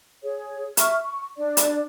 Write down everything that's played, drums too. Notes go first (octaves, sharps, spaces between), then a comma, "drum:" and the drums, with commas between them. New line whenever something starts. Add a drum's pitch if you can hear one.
G#4 C#5
E5 C#6 F6, drum: hi-hat
C#6
D4 D5
drum: hi-hat